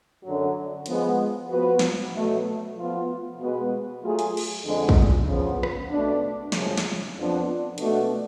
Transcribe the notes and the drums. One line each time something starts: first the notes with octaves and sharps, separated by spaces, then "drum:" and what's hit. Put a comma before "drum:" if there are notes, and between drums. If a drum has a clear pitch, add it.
F#2 D3 F#3
F3 G#3 B3, drum: hi-hat
F3 B3 F#4 B4
drum: snare
B2 F#3 A3
F3 B3 F4
B2 G#3 B3 F#4 B4
F#3 A3 F4 G#4
drum: hi-hat
drum: cymbal
F2 D3 G#3
drum: kick
C#3 F3 B3
drum: rim click
B2 A3 D4
F#2 C#3 F3, drum: snare
drum: snare
F2 F3 B3 D4
B2 A3 D4 F#4 A4, drum: hi-hat